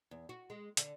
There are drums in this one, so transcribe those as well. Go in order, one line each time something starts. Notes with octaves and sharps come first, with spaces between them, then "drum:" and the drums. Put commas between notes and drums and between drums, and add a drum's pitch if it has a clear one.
E2
F#4
G#3
D3, drum: hi-hat